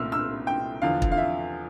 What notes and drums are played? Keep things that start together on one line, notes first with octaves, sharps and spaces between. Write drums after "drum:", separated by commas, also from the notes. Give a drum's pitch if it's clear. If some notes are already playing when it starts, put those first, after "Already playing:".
Already playing: C2 A#2 A3 E6 F6
E6
G5
E2 D3 F3 F5
drum: kick
F5
E5